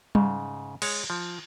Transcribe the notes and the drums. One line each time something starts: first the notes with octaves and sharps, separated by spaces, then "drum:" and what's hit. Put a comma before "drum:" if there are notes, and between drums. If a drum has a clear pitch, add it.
G#2 C#3, drum: tom G3
G#3 C#5, drum: cymbal
F3